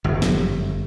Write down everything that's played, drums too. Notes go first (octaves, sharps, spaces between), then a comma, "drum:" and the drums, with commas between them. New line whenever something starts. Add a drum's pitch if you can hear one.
G1 F#2
drum: snare